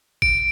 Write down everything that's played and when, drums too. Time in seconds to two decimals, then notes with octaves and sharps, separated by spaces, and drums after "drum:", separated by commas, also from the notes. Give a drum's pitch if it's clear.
0.22 D7, drum: kick G#1